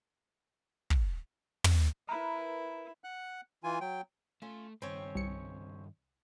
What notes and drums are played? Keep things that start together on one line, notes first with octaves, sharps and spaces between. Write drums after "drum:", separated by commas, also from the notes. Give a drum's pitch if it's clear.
drum: kick
drum: tom
E4 A#4 B4
F#5 F#6
E3 F4 G#5
F#3 G5
A3 C#4 F4
G2 D#3 C4 C#4 C#5
C2 C#7